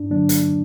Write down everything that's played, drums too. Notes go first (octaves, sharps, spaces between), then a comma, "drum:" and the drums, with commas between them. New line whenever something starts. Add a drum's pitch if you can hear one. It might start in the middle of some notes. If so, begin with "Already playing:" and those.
Already playing: G2 D4
D3 F#3 A#3 D4
drum: hi-hat